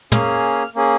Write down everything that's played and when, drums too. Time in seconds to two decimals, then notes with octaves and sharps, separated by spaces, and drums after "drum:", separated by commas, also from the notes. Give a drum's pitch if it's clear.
0.12 A#3 C#4 G#4 F6, drum: tom
0.75 A#3 C#4 G#4